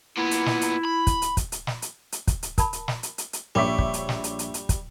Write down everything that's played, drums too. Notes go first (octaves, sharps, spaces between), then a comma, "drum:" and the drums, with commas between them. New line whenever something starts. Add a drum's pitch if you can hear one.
A#2 B3 E4
drum: hi-hat
drum: snare
drum: hi-hat
B5
drum: kick, hi-hat
drum: hi-hat
drum: kick, hi-hat
drum: hi-hat
drum: snare
drum: hi-hat
drum: hi-hat
drum: kick, hi-hat
drum: hi-hat
A#4 A5 B5, drum: kick, hi-hat
drum: hi-hat
drum: snare
drum: hi-hat
drum: hi-hat
drum: hi-hat
A#1 G3 C#5 E5 C#6 D6 B6
drum: kick
drum: hi-hat
drum: snare
drum: hi-hat
drum: hi-hat
drum: hi-hat
drum: kick, hi-hat